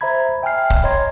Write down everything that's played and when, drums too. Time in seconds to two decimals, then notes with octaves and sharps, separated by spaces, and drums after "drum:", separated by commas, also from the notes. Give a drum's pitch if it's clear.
0.01 C5 E5 A#5 B5 G#6
0.42 E5 G5 G#5 B5 F6 C7
0.70 drum: kick C#1
0.84 C#5 D#5 A#5 C6 G#6